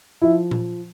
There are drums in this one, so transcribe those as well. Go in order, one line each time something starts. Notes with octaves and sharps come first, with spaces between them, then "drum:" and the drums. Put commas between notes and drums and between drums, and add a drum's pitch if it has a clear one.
F3 E4
drum: tom A#2